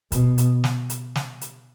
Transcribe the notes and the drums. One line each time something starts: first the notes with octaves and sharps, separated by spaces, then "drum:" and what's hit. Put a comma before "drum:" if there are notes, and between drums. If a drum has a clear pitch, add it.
B2, drum: kick, hi-hat
drum: hi-hat
drum: snare
drum: hi-hat
drum: snare
drum: hi-hat